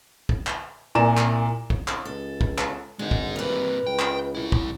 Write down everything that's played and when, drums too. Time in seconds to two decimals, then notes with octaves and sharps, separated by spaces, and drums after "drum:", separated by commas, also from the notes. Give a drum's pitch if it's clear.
0.29 drum: kick
0.47 drum: clap
0.95 C2 A#2 D5 G#5 A#5 E7
1.17 drum: clap
1.70 drum: kick
1.88 drum: clap
2.05 C#2 A4
2.41 drum: kick
2.58 drum: clap
2.99 G#1 D3 G#3 D#4
3.11 drum: kick
3.36 G2 C3 A#4 B4
3.87 C#2 G5
3.99 drum: clap
4.35 C2 E4
4.52 drum: kick